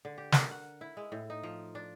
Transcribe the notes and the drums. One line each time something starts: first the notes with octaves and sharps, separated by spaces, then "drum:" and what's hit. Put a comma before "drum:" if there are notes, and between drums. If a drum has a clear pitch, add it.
D3
G4
A#4, drum: snare
F#5
E4
G#3
A2
D#4
F3
D4